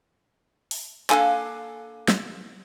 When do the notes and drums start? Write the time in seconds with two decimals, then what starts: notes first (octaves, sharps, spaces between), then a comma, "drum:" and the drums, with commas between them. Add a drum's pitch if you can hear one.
0.71 drum: open hi-hat
1.10 A#3 D4 A4 F5 G#5, drum: clap
2.08 drum: snare